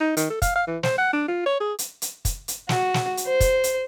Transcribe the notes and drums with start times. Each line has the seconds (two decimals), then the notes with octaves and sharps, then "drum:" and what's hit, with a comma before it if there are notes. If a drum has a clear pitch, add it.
0.01 D#4
0.17 D#3, drum: hi-hat
0.30 A4
0.42 F5, drum: kick, hi-hat
0.56 F5
0.67 E3
0.83 C5, drum: snare
0.98 F#5
1.13 D4
1.28 F4
1.46 C#5
1.60 G#4
1.79 drum: hi-hat
2.02 drum: hi-hat
2.25 drum: kick, hi-hat
2.48 drum: hi-hat
2.69 F#4, drum: snare
2.94 drum: snare
3.17 drum: hi-hat
3.27 C5
3.40 drum: kick, hi-hat
3.64 drum: hi-hat